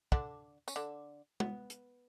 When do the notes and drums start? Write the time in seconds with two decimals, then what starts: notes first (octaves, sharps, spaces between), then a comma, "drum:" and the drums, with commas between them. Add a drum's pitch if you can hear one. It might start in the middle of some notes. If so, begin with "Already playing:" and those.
0.12 D3 D4, drum: kick
0.68 C#4, drum: tambourine
0.76 D3 D4
1.40 B3, drum: tom G#3
1.70 drum: hi-hat